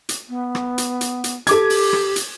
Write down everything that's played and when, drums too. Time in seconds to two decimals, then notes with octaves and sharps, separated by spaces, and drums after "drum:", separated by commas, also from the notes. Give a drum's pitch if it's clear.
0.09 drum: hi-hat
0.29 B3
0.55 drum: rim click
0.78 drum: hi-hat
1.01 drum: hi-hat
1.24 drum: hi-hat
1.47 G4 A4 D6 G#6, drum: hi-hat
1.70 drum: open hi-hat
1.93 drum: rim click
2.16 drum: hi-hat